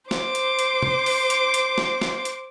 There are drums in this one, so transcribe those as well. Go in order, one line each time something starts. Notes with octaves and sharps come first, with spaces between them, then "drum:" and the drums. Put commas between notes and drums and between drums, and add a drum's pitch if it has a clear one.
C5 D6, drum: snare
drum: hi-hat
drum: hi-hat
drum: tom C3
drum: open hi-hat
drum: hi-hat
drum: hi-hat
drum: snare
drum: snare
drum: hi-hat